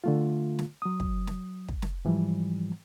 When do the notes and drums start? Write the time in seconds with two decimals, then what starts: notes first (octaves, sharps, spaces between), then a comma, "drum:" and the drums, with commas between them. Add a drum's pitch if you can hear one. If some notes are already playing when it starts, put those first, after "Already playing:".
0.04 D3 A3 F4
0.59 drum: snare
0.82 F#3 D#6
1.00 drum: kick
1.27 drum: snare
1.68 drum: kick
1.82 drum: snare
2.05 G#2 E3 F3 G3